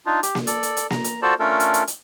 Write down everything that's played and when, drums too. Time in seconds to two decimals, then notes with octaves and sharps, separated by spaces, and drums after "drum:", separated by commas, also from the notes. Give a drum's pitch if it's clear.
0.06 D4 D#4 F4
0.23 G4, drum: hi-hat
0.35 drum: snare A#3
0.47 A4 D5, drum: hi-hat
0.63 drum: hi-hat
0.77 drum: hi-hat
0.90 A#5, drum: snare A#3
1.04 drum: hi-hat
1.22 F4 F#4 A4 C5 D5 A5
1.40 A3 C#4 D4 F4 A4 A#4
1.60 drum: hi-hat
1.74 drum: hi-hat
1.87 drum: hi-hat